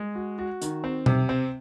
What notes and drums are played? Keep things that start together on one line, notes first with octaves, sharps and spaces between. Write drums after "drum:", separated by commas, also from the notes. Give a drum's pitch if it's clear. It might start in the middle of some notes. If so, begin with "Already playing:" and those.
Already playing: G#3
F#4
F#4
D#3, drum: hi-hat
C4
C3, drum: tom B2
C4